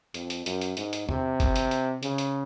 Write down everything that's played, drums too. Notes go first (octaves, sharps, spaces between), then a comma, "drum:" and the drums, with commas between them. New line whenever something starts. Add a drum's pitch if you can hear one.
F2, drum: hi-hat
drum: hi-hat
F#2, drum: hi-hat
drum: hi-hat
G#2, drum: hi-hat
drum: hi-hat
C3, drum: tom E2
drum: kick F#1, hi-hat
drum: hi-hat
drum: hi-hat
C#3, drum: hi-hat
drum: hi-hat